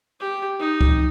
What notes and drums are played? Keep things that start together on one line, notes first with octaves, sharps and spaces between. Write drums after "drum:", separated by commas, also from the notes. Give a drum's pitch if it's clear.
G4
D#4
drum: kick C#2